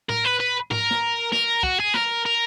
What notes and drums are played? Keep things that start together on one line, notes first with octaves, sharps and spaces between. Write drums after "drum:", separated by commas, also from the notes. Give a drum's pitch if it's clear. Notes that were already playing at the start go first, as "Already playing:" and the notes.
A#4, drum: tom A2
B4
B4
A#4, drum: tom G#2
drum: snare
A#4, drum: snare
F#4, drum: kick
G#4
A#4, drum: snare
A#4